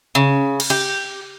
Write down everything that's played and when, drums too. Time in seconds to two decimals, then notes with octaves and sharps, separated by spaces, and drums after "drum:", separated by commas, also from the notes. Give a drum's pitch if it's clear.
0.15 C#3
0.60 drum: cymbal
0.70 G4